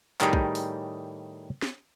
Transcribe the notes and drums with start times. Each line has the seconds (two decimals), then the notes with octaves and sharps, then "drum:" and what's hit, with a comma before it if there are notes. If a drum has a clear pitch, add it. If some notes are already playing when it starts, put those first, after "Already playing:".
0.21 A2 D#3 G3 D#4 G4 G#4, drum: clap
0.33 drum: kick B1
0.55 drum: open hi-hat
1.62 drum: snare